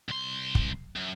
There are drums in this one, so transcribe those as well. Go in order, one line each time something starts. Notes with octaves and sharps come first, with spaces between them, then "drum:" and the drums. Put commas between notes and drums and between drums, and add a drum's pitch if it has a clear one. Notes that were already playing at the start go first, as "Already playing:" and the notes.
C2 C6
drum: kick
F#2